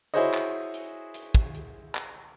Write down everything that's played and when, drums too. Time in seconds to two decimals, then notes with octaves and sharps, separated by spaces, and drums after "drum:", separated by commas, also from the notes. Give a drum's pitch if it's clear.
0.14 E4 F#4 G#4 C5 C#5 D#5
0.34 drum: clap
0.74 drum: hi-hat
1.14 drum: hi-hat
1.34 drum: kick
1.55 drum: hi-hat
1.95 drum: clap